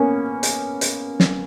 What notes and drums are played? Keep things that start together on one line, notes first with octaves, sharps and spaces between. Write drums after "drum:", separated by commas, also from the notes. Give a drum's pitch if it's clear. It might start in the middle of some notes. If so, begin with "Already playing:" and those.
Already playing: A#3 B3 C#4
drum: hi-hat
drum: hi-hat
drum: snare